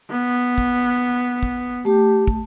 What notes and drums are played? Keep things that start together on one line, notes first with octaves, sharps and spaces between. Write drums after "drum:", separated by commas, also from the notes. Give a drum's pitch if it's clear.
B3
drum: kick
drum: kick
A3 G4 A5
drum: kick